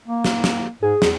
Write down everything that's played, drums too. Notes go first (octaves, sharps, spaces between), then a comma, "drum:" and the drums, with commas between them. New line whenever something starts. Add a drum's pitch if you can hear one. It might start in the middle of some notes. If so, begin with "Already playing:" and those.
A#3
drum: snare
drum: snare
G#2 G#4
E2, drum: snare